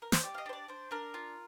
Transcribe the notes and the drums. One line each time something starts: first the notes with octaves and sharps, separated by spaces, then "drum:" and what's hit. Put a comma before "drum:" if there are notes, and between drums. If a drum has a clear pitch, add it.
A#4
C5, drum: snare
G4 D5
F5
D#5
D4 C5
D5
D4 C5
D4 A#4
F4